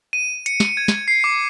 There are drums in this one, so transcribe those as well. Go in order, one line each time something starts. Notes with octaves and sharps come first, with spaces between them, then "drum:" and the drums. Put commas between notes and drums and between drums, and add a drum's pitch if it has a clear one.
D#7
C#7, drum: hi-hat
drum: snare
G#6
drum: snare
C7
D6